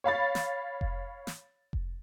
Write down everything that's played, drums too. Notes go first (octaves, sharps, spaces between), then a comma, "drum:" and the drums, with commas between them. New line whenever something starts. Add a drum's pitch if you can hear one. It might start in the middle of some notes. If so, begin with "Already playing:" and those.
C#5 F5 B5 A6
drum: snare
drum: kick F1
drum: snare
drum: kick F1